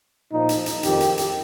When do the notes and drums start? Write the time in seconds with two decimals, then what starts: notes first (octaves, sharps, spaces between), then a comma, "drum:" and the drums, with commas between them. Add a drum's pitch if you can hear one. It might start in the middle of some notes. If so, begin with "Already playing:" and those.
0.32 A#2 F3 D#4
0.49 drum: hi-hat
0.66 drum: hi-hat
0.83 F2 D#3 G4, drum: hi-hat
1.00 drum: hi-hat
1.18 drum: hi-hat